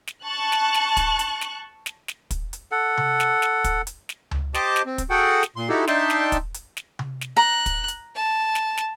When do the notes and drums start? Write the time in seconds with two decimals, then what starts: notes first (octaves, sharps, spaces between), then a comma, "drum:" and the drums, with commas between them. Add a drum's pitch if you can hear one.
0.07 drum: snare
0.24 A5 C#6 F#6
0.52 drum: snare
0.74 drum: snare
0.97 drum: kick, hi-hat
1.19 drum: hi-hat
1.41 drum: snare
1.86 drum: snare
2.08 drum: snare
2.31 drum: kick, hi-hat
2.53 drum: hi-hat
2.72 A4 F#5
2.97 drum: tom C3
3.20 drum: snare
3.42 drum: snare
3.64 drum: kick, hi-hat
3.87 drum: hi-hat
4.09 drum: snare
4.31 drum: tom C#2
4.54 G4 C5 D#5 A5 D6, drum: snare
4.76 drum: snare
4.86 C4
4.98 drum: kick, hi-hat
5.10 F#4 G#4 A4 F#5 G5
5.43 drum: snare
5.56 A#2 C6
5.69 D#4 E4 F#4 G4 A4
5.87 D4 D#4 E5 G5 A5 C6, drum: snare
6.10 drum: snare
6.32 drum: kick, hi-hat
6.54 drum: hi-hat
6.77 drum: snare
6.99 drum: tom C3
7.21 drum: snare
7.37 A#5 F#6
7.66 drum: kick, hi-hat
7.88 drum: hi-hat
8.15 A5
8.55 drum: snare
8.77 drum: snare